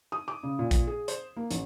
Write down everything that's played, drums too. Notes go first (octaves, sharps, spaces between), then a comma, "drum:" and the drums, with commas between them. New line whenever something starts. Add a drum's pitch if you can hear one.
D#6
D6
C#3
A#2
drum: kick, hi-hat
G#4
C5, drum: hi-hat
A#3
A1, drum: hi-hat